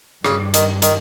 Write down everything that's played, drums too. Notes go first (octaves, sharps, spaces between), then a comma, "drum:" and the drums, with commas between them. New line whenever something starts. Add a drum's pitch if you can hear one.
G2 C#3, drum: rim click
D#3, drum: hi-hat
D#3, drum: hi-hat